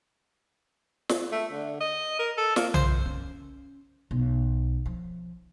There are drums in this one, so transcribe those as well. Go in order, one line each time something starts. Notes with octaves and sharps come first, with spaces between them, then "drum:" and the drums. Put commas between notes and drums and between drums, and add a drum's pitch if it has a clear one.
drum: snare
A3
D3
D#5
A#4
A4
A#3, drum: snare
C5, drum: tom B1
C#4
B1
F3